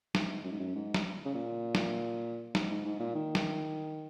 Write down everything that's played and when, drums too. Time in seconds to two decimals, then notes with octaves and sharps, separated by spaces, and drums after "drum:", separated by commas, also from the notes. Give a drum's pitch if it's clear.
0.15 G#2, drum: snare
0.44 F#2
0.52 G#2
0.60 F#2
0.75 G#2
0.94 drum: snare
1.26 C#3
1.34 A#2
1.75 drum: snare
2.55 G#2, drum: snare
2.70 G#2
2.85 G#2
3.00 A#2
3.15 D#3
3.35 drum: snare